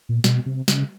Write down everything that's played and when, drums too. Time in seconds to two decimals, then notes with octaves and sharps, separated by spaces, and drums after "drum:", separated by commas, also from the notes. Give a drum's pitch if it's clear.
0.09 A#2
0.24 B2, drum: snare
0.46 C3
0.68 C#3, drum: snare